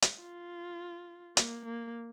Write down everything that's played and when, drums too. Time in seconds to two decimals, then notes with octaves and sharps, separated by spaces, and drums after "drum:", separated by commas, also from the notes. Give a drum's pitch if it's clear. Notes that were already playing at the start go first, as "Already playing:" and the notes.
0.02 drum: hi-hat
0.20 F4
1.37 A#3, drum: hi-hat
1.66 A#3